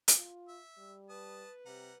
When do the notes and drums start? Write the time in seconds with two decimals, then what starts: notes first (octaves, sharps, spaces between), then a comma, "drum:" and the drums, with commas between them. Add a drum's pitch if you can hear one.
0.08 drum: hi-hat
0.17 F4
0.48 E5
0.78 G3
1.09 B4 A5 D#6
1.66 C3 G3 F#5 A#5